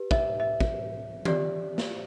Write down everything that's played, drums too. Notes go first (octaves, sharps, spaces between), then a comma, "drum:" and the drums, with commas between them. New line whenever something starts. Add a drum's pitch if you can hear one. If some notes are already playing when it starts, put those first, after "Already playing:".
Already playing: G4 B4
E5, drum: kick
E5
drum: kick
G4 D5, drum: tom D#3
drum: snare